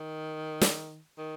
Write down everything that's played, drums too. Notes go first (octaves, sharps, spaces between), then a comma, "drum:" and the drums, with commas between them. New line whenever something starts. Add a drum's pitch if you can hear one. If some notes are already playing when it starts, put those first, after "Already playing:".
Already playing: D#3
drum: snare
D#3